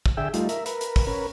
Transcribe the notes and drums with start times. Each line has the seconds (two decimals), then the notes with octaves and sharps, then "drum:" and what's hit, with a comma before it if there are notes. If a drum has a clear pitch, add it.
0.06 drum: kick
0.17 D3 G#4 E5 G5 E6
0.34 G3 A3 D#4 F4, drum: hi-hat
0.49 A#4 E5, drum: hi-hat
0.66 A#4 B4, drum: hi-hat
0.81 drum: hi-hat
0.96 drum: kick, open hi-hat
1.07 C#4 A#4 B4